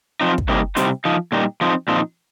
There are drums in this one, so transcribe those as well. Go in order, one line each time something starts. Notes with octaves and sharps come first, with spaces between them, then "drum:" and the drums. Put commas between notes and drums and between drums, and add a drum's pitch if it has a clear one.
F3 C4 D#4
drum: kick
C3 G3 A#3 D#4
C3 G3 C4 D#4, drum: hi-hat
F3 D#4
A#2 G3 D#4
F3 C4 D#4
A#2 F3 C4 D#4